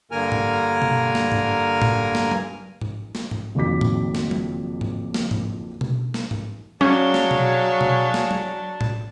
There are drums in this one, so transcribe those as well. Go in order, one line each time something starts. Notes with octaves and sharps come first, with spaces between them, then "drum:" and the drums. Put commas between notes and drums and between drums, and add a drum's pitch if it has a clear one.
G2 D3 A#3 A#4 G#5 F6
drum: tom G#2
drum: tom B2
drum: snare
drum: tom G#2
drum: tom A2
drum: snare
drum: tom F#3
drum: tom G#2
drum: snare
drum: tom G#2
F#1 F2 D#3 F#4 D6 B6
drum: tom A2
drum: snare
drum: tom F#3
drum: tom G#2
drum: snare
drum: tom G#2
drum: tom B2
drum: snare
drum: tom G#2
F#3 C#4 D4 G#4 C#5 F5 A5, drum: tom F#3
drum: snare
drum: tom B2
drum: tom B2
drum: snare
drum: tom F#3
drum: tom A2